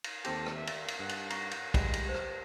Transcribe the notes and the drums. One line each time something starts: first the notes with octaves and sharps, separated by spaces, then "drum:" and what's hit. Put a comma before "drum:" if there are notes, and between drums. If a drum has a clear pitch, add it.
drum: cymbal
D#2 C4 G4 A4, drum: cymbal
drum: rim click
E5
drum: cymbal
drum: cymbal
G2 F#5
drum: cymbal
F#5 A#5 C#6, drum: cymbal
drum: cymbal
G3 G#3, drum: kick, cymbal
drum: cymbal
G4 C5
drum: rim click